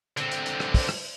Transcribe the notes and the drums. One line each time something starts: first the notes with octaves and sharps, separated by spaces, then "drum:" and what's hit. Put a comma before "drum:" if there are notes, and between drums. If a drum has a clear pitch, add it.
D3 C4, drum: hi-hat
drum: hi-hat
drum: hi-hat
drum: rim click
drum: kick, open hi-hat
drum: rim click